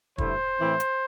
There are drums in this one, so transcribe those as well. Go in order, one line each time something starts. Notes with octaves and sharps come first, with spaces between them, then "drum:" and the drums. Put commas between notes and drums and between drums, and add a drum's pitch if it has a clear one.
G2 D3 A3 E4 C5, drum: kick
A2 E3 C4 E4
drum: hi-hat